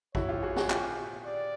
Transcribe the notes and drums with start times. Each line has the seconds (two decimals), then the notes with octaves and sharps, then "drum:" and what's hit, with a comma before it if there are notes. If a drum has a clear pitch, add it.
0.15 E4 F#4 C#5, drum: kick A1
0.29 F4 G4
0.43 F#4 G#4
0.56 F#4 G#4, drum: snare
0.70 F4 G4, drum: clap
1.25 D5